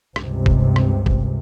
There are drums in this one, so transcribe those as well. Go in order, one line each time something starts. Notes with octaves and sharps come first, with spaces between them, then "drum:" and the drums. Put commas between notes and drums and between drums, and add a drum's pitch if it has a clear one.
C#2 G2 C3, drum: rim click
drum: kick
drum: rim click
drum: kick